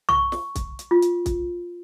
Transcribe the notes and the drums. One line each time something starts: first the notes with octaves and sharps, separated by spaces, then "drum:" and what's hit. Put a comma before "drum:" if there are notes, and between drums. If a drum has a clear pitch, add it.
C#6, drum: tom
drum: snare
drum: kick, hi-hat
drum: hi-hat
F4
drum: hi-hat
drum: kick, hi-hat